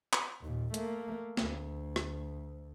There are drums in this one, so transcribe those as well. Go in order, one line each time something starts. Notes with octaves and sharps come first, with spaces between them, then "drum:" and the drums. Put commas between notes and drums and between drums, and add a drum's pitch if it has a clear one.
drum: clap
D#2 A#2
A3 A#3, drum: hi-hat
D2, drum: snare
drum: rim click